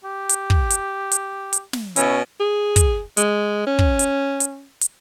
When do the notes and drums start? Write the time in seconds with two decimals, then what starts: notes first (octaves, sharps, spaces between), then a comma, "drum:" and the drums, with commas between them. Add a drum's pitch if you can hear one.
0.04 G4
0.29 drum: hi-hat
0.50 drum: kick
0.70 drum: hi-hat
1.12 drum: hi-hat
1.53 drum: hi-hat
1.73 drum: snare
1.96 B2 C#4 E4, drum: hi-hat
2.40 G#4
2.76 drum: kick, hi-hat
3.17 G#3, drum: hi-hat
3.67 C#4
3.79 drum: kick
3.99 drum: hi-hat
4.40 drum: hi-hat
4.81 drum: hi-hat